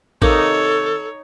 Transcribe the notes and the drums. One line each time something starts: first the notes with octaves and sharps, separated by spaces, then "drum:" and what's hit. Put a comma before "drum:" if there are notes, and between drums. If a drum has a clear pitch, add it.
C3 D#3 A#3 D#4 A4 C#5, drum: kick A1